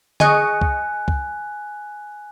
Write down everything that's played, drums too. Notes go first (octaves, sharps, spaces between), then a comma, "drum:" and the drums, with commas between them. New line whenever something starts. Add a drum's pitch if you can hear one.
G#4 D#5 G#5 C#6 F#6, drum: tom D3
drum: kick C#2
drum: kick C#2